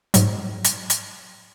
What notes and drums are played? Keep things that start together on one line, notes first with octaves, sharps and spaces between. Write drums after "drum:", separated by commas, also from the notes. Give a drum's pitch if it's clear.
G#2 F#3, drum: hi-hat
drum: hi-hat
drum: hi-hat